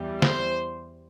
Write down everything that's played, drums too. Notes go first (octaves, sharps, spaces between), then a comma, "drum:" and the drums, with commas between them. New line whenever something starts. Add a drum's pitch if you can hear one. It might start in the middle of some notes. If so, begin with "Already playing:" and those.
Already playing: E2 E3 G3
C5, drum: snare